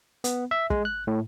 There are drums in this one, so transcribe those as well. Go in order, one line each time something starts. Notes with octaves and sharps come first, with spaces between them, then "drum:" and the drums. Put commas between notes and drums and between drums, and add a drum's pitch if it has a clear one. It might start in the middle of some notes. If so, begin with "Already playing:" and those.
B3, drum: hi-hat
E5
G#3, drum: kick
F#6
A2